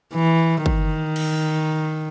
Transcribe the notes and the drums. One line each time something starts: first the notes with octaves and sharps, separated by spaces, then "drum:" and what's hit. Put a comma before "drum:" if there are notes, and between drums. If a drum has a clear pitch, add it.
E3
D#3, drum: kick
drum: cymbal